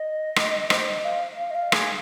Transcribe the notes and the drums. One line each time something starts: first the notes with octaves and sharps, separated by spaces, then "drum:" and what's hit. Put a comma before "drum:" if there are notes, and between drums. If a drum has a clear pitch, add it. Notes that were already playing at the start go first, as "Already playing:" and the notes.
Already playing: D#5
drum: rim click
C5, drum: rim click
D#5
F5
F5
D#5
F5
G#4, drum: rim click